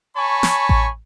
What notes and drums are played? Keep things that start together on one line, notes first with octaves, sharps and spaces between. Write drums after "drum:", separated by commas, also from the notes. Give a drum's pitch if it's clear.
C#5 G#5 A5 B5 C#6
drum: snare
drum: kick A1